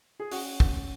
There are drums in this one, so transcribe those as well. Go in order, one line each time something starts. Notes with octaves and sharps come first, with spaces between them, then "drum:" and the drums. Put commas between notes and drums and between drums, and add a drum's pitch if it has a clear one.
G#4
C#4 F#4, drum: open hi-hat
drum: kick